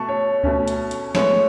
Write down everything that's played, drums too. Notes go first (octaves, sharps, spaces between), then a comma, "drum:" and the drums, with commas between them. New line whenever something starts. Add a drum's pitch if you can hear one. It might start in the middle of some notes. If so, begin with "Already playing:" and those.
Already playing: B2 A3 A5 C#6
C#5
B2 A3 C#4, drum: kick D2
drum: hi-hat
drum: hi-hat
A2 G#3 B3 C#5, drum: snare